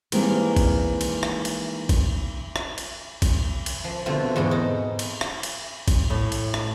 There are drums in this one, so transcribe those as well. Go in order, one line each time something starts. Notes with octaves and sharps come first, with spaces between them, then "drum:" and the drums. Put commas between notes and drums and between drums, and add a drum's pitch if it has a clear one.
D#3 E3 G3 G#3 A#3 C4, drum: cymbal
drum: kick A1, cymbal
drum: cymbal
drum: rim click
drum: cymbal
drum: kick A1, cymbal
drum: rim click
drum: cymbal
drum: kick A1, cymbal
drum: cymbal
F3
B2 D3 A3 C4 F4
E2 G#2 F#4 G5
D#4
drum: cymbal
drum: rim click
drum: cymbal
drum: kick A1, cymbal
A2
drum: cymbal
drum: rim click